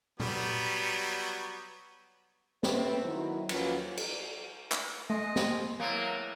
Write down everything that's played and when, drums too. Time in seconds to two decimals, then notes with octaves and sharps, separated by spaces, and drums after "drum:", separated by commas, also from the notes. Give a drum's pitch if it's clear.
0.20 F#3 G3 B3, drum: tom A#2
2.63 A3 C4 C#4 A4 B4 C5, drum: snare
3.05 D#3 F#3 E4
3.49 D#2 F3 F#3 C#4 F4 B4, drum: cymbal
3.97 drum: cymbal
4.72 drum: clap
5.10 G#3 A3 D#5
5.36 drum: snare
5.80 A2 F#3 A#3 B3